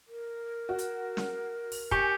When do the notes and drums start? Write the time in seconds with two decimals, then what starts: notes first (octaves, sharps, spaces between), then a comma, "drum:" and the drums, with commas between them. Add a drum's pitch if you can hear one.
0.08 A#4
0.69 F#4
0.78 drum: hi-hat
1.17 drum: snare
1.72 drum: open hi-hat
1.91 G4 G#5 C#6 C#7, drum: kick